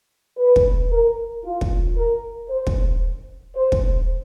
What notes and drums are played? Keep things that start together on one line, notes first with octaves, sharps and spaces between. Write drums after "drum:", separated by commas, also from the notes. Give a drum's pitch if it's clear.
B4
drum: kick
A#4
F4
drum: kick
A#4
C5
drum: kick
C5
drum: kick